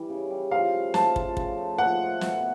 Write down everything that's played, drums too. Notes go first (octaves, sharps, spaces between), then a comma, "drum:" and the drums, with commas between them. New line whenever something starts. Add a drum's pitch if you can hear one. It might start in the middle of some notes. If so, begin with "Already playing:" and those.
Already playing: E3 G3
C#3
G3
F3 F5
A3
F3 A5, drum: snare
F3, drum: kick
C#3, drum: kick
A3
F3 F#5
A3
B2, drum: snare